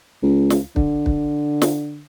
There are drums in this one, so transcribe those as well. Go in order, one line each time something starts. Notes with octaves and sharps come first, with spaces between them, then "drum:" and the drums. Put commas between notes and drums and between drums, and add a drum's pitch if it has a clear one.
C#2
drum: snare
D3, drum: kick
drum: kick
drum: snare